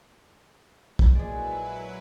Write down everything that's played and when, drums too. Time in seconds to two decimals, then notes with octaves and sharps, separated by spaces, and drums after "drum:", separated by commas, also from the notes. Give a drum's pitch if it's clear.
0.99 drum: kick
1.15 A#1 F#3 G#3 E4 G#4 B4 D5